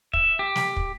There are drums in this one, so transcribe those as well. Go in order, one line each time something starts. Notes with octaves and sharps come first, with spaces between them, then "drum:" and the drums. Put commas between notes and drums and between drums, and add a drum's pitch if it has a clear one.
E5, drum: kick
G4
drum: snare
drum: kick